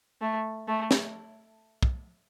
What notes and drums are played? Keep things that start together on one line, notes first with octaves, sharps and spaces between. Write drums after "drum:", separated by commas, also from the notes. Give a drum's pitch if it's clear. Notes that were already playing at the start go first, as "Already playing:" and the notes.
A3
A3
drum: snare
drum: kick